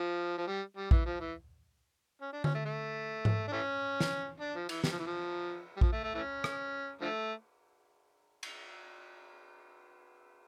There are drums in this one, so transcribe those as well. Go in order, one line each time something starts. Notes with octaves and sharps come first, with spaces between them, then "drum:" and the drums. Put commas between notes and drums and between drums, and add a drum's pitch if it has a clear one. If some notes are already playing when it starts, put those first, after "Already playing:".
Already playing: F3
F3
G3
G3
E3, drum: kick A#1
F3
E3
C#4
D4
C#4, drum: tom D3
A3
A3
drum: tom G#2
D4
E3 A3 C#4
drum: snare
D4
F3
E3, drum: cymbal
G3, drum: snare
F3
E3
F3
G3
F3, drum: kick A#1
A3
A3
E3 A3 C#4
drum: rim click
D3 F3 A3
drum: cymbal